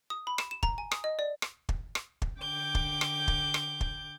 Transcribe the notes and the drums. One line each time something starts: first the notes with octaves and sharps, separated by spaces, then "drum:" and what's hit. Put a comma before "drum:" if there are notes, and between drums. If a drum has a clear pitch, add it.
D#6
B5
E7, drum: rim click
E7
A#5, drum: kick
G#5
D#6, drum: rim click
D#5
D5
drum: rim click
drum: kick
drum: rim click
drum: kick
D3 G5 D6 G6
drum: kick
drum: rim click
drum: kick
drum: rim click
drum: kick